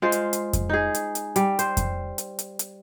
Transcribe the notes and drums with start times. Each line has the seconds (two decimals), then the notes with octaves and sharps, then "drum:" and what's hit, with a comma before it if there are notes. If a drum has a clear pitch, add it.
0.02 G#3 F4 C5
0.12 drum: hi-hat
0.33 drum: hi-hat
0.53 drum: kick F2, hi-hat
0.69 D#4 G#4
0.95 drum: hi-hat
1.15 drum: hi-hat
1.36 G3, drum: hi-hat
1.59 C5, drum: hi-hat
1.77 drum: kick F2, hi-hat
2.18 drum: hi-hat
2.39 drum: hi-hat
2.59 drum: hi-hat